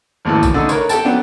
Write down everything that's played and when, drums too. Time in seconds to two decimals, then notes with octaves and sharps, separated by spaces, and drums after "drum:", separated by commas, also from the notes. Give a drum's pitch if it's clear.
0.25 G#1 D#2 A2 E3
0.43 drum: kick G#1, tambourine
0.54 D3 A3 D#4
0.69 A#4 B4 C#5, drum: tambourine
0.89 G4 A4 G5 A5, drum: tambourine
1.05 F#3 B3 D4